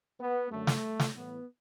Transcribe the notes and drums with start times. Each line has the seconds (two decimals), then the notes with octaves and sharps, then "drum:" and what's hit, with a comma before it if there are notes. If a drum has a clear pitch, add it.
0.19 B3
0.51 F#2 D3 F#3 A3
0.67 drum: snare
1.00 drum: snare
1.15 A2 E3 B3